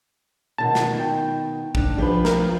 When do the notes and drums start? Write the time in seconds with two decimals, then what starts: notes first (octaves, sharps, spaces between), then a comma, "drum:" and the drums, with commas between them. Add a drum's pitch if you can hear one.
0.58 B2 D#3 A5
0.75 drum: snare
1.00 G5
1.75 D4, drum: kick
1.98 F3 G4 B4
2.25 A#4, drum: snare